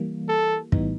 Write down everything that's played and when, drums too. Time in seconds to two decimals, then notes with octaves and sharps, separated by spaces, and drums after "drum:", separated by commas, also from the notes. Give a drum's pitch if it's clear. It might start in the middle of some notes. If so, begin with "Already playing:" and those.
Already playing: E3 G3 A#3
0.29 A4
0.72 A2 E3 G3 B3 D#4, drum: kick